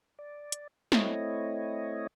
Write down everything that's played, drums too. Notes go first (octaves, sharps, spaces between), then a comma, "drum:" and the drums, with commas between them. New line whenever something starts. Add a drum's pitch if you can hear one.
D5
drum: hi-hat
A3 C4 E4 C#5 D#5, drum: snare